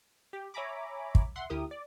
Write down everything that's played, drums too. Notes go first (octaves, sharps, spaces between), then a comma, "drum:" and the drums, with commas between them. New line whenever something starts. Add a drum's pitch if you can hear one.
G4
C#5 E5 G#5 A#5 B5 D6
drum: kick
E5 F#5 C6
D2 E4 G4 A#4 D#6
D5